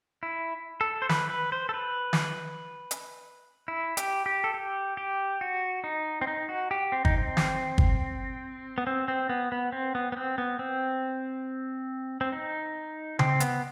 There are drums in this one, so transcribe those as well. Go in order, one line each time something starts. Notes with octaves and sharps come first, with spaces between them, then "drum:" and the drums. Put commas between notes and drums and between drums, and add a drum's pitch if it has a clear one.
E4
A4
C5
B4, drum: snare
B4
C5
A4
B4
drum: snare
drum: hi-hat
E4
G4, drum: hi-hat
G4
A4
G4
G4
F#4
D#4
C4
D#4
F#4
G4
C4
D#4, drum: kick G1
C4
drum: snare
drum: kick G1
B3
C4
C4
B3
B3
C4
B3
B3
C4
B3
C4
C4
D#4
C4, drum: tom C#3
B3, drum: hi-hat